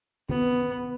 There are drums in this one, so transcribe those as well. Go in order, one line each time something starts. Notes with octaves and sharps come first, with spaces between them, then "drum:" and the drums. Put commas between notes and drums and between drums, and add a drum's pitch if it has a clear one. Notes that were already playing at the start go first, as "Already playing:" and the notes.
B3, drum: tom D#3